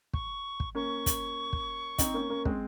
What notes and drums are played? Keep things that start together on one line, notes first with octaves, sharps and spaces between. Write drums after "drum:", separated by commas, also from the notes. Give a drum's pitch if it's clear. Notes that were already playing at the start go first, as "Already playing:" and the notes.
C#6, drum: kick
drum: kick
A#3 C#4 C#6
drum: kick, hi-hat
drum: kick
C4 D#4, drum: kick, hi-hat
A#3 C#4
A#3 C#4
G#3 C4, drum: kick